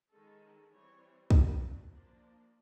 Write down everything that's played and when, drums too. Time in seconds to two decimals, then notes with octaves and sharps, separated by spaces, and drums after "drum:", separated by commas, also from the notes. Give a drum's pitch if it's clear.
0.12 D#3 G#3 C#4 A4
0.71 E3 G3 C4 C#5
1.30 F#3 B3 D4, drum: kick
1.90 F3 A#3 D4